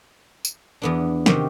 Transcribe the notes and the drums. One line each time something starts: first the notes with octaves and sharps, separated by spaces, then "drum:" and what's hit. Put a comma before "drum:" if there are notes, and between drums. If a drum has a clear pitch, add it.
drum: tambourine
E2 B3 D4
C3 D#3 F#4 G4, drum: snare